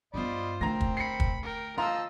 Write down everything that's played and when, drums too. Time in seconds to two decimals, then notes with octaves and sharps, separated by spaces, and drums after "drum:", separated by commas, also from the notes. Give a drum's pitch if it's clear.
0.14 G2 B3 F4 C5 D5 D#5 B5
0.61 D3 A3 C4 A#4 A#5 A#6
0.81 drum: kick
0.97 B5 C7 C#7
1.20 drum: kick
1.43 A#4 G5
1.78 F3 D#5 F5 A5 A#5 C6 E6